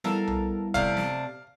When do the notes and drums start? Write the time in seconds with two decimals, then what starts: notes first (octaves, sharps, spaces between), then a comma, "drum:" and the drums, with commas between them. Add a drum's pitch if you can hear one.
0.04 G3 B3 E4 A4 A#4 F5, drum: snare
0.27 drum: tom B1
0.74 C3 A3 D4 F5, drum: kick
0.97 drum: snare